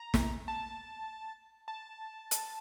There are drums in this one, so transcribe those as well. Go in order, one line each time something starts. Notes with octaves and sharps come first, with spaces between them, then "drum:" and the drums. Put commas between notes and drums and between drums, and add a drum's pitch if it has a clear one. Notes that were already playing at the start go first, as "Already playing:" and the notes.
Already playing: A#5
drum: snare
A5
A5
drum: hi-hat